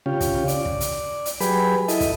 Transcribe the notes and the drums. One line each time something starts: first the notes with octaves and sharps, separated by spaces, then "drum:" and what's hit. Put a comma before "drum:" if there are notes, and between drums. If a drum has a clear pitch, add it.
C#3 C#4 F4 G4
drum: kick, hi-hat
D5, drum: hi-hat
drum: kick
drum: hi-hat
drum: hi-hat
F#3 G4 G#4 B4 B5, drum: hi-hat
E4 A4 D#5, drum: hi-hat
drum: kick, hi-hat